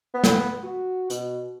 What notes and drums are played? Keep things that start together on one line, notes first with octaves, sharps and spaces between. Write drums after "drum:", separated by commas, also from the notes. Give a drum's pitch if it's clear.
B3
drum: snare
F#4
B2, drum: hi-hat